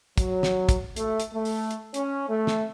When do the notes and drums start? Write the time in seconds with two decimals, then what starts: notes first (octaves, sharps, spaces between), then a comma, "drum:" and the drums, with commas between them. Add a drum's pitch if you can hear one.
0.18 F#3, drum: kick, hi-hat
0.43 drum: snare
0.69 drum: kick, hi-hat
0.96 A3, drum: hi-hat
1.20 drum: hi-hat
1.34 A3
1.45 drum: open hi-hat
1.71 drum: hi-hat
1.94 C#4, drum: hi-hat
2.29 A3
2.47 drum: snare